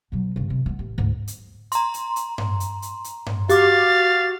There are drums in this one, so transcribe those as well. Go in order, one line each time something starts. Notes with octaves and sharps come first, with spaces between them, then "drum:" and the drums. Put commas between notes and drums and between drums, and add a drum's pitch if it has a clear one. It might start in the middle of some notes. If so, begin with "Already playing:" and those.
B2 F#3
G1 C#3
C3
A3 B3
A1
D2 G#2
drum: hi-hat
A#5 C6, drum: hi-hat
drum: hi-hat
drum: hi-hat
drum: tom G2
drum: hi-hat
drum: hi-hat
drum: hi-hat
drum: tom G2
F#4 G4 F5 D6 A6, drum: hi-hat